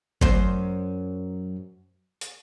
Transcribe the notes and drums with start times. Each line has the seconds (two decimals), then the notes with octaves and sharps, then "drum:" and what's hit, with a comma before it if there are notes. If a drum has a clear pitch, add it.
0.21 F#2 C5, drum: kick G1
2.21 drum: hi-hat